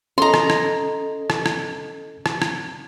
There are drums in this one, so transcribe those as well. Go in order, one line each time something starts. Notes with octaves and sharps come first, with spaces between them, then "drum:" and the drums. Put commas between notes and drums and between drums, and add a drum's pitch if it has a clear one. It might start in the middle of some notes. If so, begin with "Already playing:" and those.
C#4 A4 D#5 A#5 C6
drum: rim click
drum: rim click
drum: rim click
drum: rim click
drum: rim click
drum: rim click